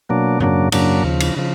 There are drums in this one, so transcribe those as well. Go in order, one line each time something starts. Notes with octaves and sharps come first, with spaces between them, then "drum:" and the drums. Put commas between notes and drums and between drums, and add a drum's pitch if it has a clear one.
B2 F#3 A#3 D4
F#2 C#3 F#3 A#3 D4, drum: tom G#2
F#2 C#3 F#3 A#3 D4, drum: cymbal
D#2 C#3 F3
drum: cymbal
C#3 F3